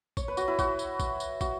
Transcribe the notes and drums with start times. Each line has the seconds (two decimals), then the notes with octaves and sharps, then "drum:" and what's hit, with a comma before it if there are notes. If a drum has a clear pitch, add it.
0.17 C#5, drum: kick, tambourine
0.28 B4
0.37 F#4, drum: tambourine
0.48 E4
0.59 F#4, drum: kick, tambourine
0.79 drum: tambourine
1.00 drum: kick, tambourine
1.20 drum: tambourine
1.41 F#4, drum: kick, tambourine